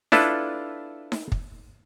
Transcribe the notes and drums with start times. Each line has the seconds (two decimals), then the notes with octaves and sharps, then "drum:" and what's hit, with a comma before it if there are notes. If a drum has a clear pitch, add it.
0.12 D4 E4 F4 A4 B4, drum: snare D#4
1.12 drum: snare D#4
1.32 drum: kick